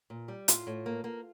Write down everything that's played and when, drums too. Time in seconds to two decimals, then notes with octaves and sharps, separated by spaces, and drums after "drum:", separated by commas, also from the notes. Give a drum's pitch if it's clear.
0.10 A#2
0.28 G3
0.48 A2 F4, drum: hi-hat
0.67 A2
0.86 A#3
1.04 A#3